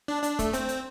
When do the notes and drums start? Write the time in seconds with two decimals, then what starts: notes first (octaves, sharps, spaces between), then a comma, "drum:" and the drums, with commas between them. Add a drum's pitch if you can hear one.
0.08 D4
0.23 D4, drum: hi-hat
0.39 A3, drum: kick, hi-hat
0.53 C4, drum: hi-hat
0.68 drum: hi-hat